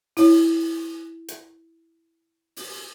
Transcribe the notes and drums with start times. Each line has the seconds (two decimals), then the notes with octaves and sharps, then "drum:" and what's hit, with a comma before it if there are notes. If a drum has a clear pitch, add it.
0.17 E4 C#5, drum: open hi-hat
1.28 drum: hi-hat
2.56 drum: open hi-hat